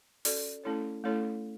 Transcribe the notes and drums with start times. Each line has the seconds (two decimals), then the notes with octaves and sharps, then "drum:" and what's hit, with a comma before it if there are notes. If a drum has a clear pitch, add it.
0.25 C#4 F#4 A4 D5, drum: open hi-hat
0.64 A3 C#4 E4 A4 C#5
1.04 A3 C#4 E4 A4 C#5